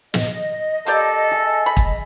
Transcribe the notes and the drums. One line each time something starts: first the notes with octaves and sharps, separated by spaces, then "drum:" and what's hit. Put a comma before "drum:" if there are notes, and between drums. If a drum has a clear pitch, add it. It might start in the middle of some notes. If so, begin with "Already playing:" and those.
D#5, drum: snare
A#3 G4 A4 D5
G#4 E5
B5
drum: kick